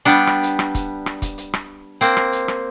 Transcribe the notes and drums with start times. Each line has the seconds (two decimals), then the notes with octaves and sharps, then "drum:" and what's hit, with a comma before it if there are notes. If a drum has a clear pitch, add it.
0.05 G3 B3 D4
0.27 drum: rim click
0.43 drum: hi-hat
0.59 drum: rim click
0.75 drum: kick, hi-hat
1.06 drum: rim click
1.22 drum: kick, hi-hat
1.38 drum: hi-hat
1.54 drum: rim click
2.01 A#3 C4, drum: hi-hat
2.17 drum: rim click
2.32 drum: hi-hat
2.48 drum: rim click